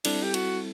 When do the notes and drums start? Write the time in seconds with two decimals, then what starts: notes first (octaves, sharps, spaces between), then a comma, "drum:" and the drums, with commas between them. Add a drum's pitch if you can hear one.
0.05 G3 C4 D4 E4 A4, drum: cymbal
0.23 G4
0.34 F#4, drum: cymbal